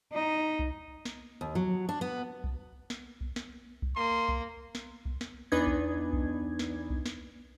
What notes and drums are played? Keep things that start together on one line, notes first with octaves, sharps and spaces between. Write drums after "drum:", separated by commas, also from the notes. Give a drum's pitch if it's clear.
D#4
drum: kick B1
drum: snare
D#2
F#3
D4
B3
drum: kick B1
drum: snare
drum: kick B1
drum: snare
drum: kick B1
A#3 C6
drum: kick B1
drum: snare
drum: kick B1
drum: snare
E2 B3 D4 D#4 B4 G#6
drum: kick B1
drum: kick B1
drum: snare
drum: kick B1
drum: snare